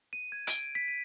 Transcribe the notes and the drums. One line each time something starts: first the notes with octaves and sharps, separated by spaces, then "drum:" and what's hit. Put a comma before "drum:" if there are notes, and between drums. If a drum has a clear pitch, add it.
D#7
G#6
D7, drum: hi-hat
B6
D#7